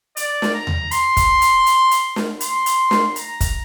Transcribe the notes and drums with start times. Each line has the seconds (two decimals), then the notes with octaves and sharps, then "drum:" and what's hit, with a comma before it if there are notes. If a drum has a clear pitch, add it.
0.17 D5, drum: hi-hat
0.42 drum: snare
0.54 A#5
0.67 drum: tom D#2
0.91 C6, drum: hi-hat
1.17 drum: kick, hi-hat
1.42 drum: hi-hat
1.66 drum: hi-hat
1.91 drum: hi-hat
2.16 drum: snare
2.40 C6, drum: hi-hat
2.66 drum: hi-hat
2.91 drum: snare
3.16 A#5, drum: hi-hat
3.41 drum: kick, hi-hat